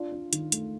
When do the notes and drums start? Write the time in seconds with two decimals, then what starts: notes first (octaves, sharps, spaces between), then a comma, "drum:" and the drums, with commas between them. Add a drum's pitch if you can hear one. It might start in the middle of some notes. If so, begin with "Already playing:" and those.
Already playing: D4 F4
0.12 D4
0.33 D#3, drum: hi-hat
0.52 A3, drum: hi-hat